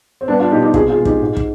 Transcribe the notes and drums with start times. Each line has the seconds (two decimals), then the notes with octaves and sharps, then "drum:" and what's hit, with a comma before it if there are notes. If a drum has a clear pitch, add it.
0.21 C4
0.28 G3 B3 D4
0.40 D4 F4
0.51 B2 D#4 G4
0.63 D#4 G4
0.74 C3 F4 G#4, drum: kick
0.89 F4 G#4
0.97 G#3
1.05 D#4 G4, drum: kick
1.21 G#2
1.37 drum: kick